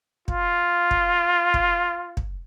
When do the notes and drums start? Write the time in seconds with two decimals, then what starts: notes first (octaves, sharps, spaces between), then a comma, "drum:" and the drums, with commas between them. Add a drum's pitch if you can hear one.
0.28 F4, drum: kick
0.91 drum: kick
1.54 drum: kick
2.17 drum: kick